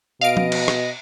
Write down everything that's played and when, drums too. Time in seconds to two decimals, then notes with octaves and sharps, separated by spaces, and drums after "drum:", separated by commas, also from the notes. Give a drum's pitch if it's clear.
0.21 B2 D#5 F5 D7
0.37 drum: tom F3
0.52 drum: cymbal
0.68 drum: rim click